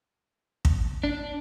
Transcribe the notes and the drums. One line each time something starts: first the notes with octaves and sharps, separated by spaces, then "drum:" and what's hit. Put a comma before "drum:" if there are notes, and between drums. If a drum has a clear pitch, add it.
drum: kick
D4